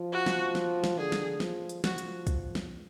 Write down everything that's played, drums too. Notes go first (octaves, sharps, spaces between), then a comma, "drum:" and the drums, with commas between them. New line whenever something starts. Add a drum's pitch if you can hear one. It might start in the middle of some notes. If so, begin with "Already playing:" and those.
Already playing: F3
F#4
drum: snare
drum: snare
drum: snare
D3 G#4
drum: snare
F3, drum: snare
drum: hi-hat
F3 F#4, drum: snare
drum: hi-hat
drum: kick, hi-hat
drum: snare